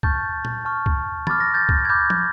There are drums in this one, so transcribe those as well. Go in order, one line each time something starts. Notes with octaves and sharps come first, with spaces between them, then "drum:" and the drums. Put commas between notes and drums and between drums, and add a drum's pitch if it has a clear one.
A5 C#6 F6 G6 A6, drum: kick
drum: tom A#2
A5 C#6 F6
drum: kick
B5 D6 F6 A6, drum: tom
A#6
G6 A6
drum: kick
G#6
B5 D6 F6 G6
drum: tom